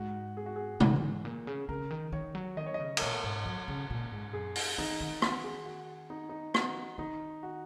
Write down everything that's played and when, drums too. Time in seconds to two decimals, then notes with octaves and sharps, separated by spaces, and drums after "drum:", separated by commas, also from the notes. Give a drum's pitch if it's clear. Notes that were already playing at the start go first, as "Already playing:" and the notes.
Already playing: G#2 F#4
0.37 G#4
0.46 F#4
0.56 G#4
0.80 A#2, drum: tom
0.95 A#2
1.03 G#2
1.25 A#2
1.47 C#3
1.69 C#3 A#4
1.91 D#3
2.12 D#3 C#5
2.35 F#3
2.57 D#3 D#5
2.66 C#5
2.74 D#5
2.80 C#3
2.97 A#4, drum: cymbal
3.01 A#2 C#5
3.24 G#2
3.46 F#3
3.68 C#3
3.90 A#2
4.12 G#2
4.33 F#2 G#4
4.56 drum: open hi-hat
4.78 D#3 D#4
5.01 D#3
5.22 F#4, drum: rim click
5.44 G#4
5.66 F#4
6.10 D#4
6.29 D#4
6.54 F#4, drum: rim click
6.98 D#3 D#4
7.43 F#4